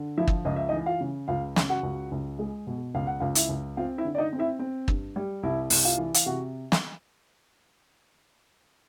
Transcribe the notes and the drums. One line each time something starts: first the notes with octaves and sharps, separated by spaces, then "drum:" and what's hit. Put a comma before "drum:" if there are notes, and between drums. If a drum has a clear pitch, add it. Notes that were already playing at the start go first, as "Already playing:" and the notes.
Already playing: D3
F3 E4 E5
drum: kick
C#2 D#5
E5
D#4 D#5
E3
F4 F5
C#3
C#2 F4 F5
C#3, drum: snare
F#4 F#5
C#2
C#2
G#3
B2
C#2 F5
F#5
C#2 F4 F5
E4 E5, drum: hi-hat
C#2
C4 F4 F5
E4 E5
D3
D5
D#4 D#5
C4
E4 E5
C4
G2, drum: kick
G3
C2 E4 E5
C2, drum: open hi-hat
F4 F5
E3
F5, drum: hi-hat
C3 F#4 F#5
drum: snare